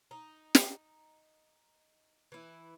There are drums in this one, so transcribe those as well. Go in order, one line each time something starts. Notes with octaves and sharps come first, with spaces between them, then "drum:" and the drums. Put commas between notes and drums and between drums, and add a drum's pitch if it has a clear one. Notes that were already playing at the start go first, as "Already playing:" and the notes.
D#4
drum: snare
E3 E4